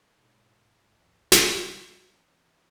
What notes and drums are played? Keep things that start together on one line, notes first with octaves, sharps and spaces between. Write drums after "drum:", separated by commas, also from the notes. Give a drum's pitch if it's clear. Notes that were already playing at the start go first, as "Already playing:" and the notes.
B1 G#2 G#3
G#1 D2 F3
drum: snare
E3 C#4